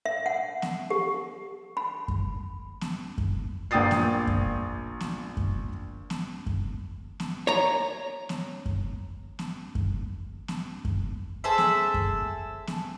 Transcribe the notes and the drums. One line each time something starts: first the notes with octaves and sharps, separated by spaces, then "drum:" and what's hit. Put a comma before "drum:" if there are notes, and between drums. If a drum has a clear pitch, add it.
E5
F#5
drum: snare B3
G4
B5
drum: kick F#2
drum: snare B3
drum: kick F#2
A#1 A#3 G5 D#6 A6 C7
drum: snare B3
drum: kick F#2
drum: snare B3
drum: kick F#2
drum: snare B3
drum: kick F#2
drum: snare B3
C#5 A#5
drum: snare B3
drum: kick F#2
drum: snare B3
drum: kick F#2
drum: snare B3
drum: kick F#2
G#4 A4 C5 E5
drum: snare B3
drum: kick F#2
drum: snare B3